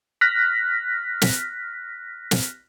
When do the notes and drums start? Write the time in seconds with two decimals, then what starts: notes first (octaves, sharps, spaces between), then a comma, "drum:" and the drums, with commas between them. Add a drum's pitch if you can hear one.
0.21 F6 F#6 A#6 B6
1.22 drum: snare
2.31 drum: snare